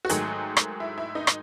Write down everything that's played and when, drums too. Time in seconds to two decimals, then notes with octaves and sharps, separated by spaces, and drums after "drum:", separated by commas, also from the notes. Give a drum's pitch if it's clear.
0.05 F#4
0.09 G#2 D#3 F#3 A3 G#4, drum: hi-hat
0.57 drum: rim click
0.80 E4
0.98 E4
1.15 D#4
1.27 drum: rim click